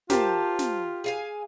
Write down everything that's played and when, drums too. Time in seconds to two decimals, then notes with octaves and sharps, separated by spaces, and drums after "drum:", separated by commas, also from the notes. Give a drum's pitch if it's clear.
0.10 F4 G4 A#4 C5 A5, drum: snare
0.59 drum: snare
1.04 G#4 F5 G#5